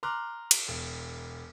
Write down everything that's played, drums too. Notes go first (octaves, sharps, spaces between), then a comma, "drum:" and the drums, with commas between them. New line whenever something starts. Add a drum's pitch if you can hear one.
A#5 C6 D6 F6 F#6
drum: cymbal
E1